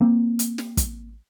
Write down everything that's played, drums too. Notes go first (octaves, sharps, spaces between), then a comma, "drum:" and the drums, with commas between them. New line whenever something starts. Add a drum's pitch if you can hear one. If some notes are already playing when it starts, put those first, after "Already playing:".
A#3 C4
drum: hi-hat
drum: snare
drum: kick, hi-hat